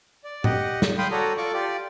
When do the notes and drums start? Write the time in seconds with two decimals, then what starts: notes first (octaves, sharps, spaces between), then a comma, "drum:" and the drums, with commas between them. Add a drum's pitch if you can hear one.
0.24 D5
0.44 G4 D#5 F#5, drum: tom A2
0.82 drum: snare
0.98 F5 G5 B5 C6 D#6
1.11 F#4 A4 C#5 D5 A#5 D#6
1.37 F4 A4 D5 C#6 D6
1.54 F4 G4 D5